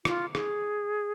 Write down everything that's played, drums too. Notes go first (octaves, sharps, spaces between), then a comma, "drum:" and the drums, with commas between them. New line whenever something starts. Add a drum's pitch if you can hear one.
F4, drum: rim click
G#4, drum: rim click